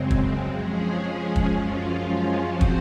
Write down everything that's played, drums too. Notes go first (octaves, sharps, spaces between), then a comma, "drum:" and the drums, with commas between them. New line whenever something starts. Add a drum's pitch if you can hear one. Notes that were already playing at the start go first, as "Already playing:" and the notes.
Already playing: F#2 C#3 G#3 C4
drum: kick
F3 G#3 C#4 G#4
drum: kick
F#2 F3 G#3 C#4 F4
F3 C4 F#4 C5
drum: kick